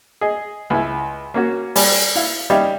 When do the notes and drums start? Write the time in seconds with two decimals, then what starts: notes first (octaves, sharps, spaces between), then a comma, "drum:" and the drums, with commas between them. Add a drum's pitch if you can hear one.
0.21 G#4 D#5
0.70 C#2 E4
1.34 A#3 C#4 F#4
1.76 G3 G#5, drum: open hi-hat
2.15 E4 F5
2.50 G3 C#4 D#4 G4 E5 F5